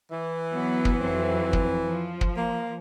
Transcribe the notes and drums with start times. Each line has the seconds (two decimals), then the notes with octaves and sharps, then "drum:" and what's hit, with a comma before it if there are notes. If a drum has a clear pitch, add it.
0.11 E3
0.51 F#3 B3
0.85 drum: kick
1.00 F2 F#3 C4
1.53 drum: kick
1.83 F3
2.21 drum: kick
2.36 A#3